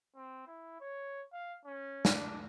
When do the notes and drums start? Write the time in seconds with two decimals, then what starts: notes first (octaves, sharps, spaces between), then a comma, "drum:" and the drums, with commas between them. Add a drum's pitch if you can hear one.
0.15 C4
0.47 E4
0.80 C#5
1.33 F5
1.65 C#4
2.05 drum: snare
2.14 D4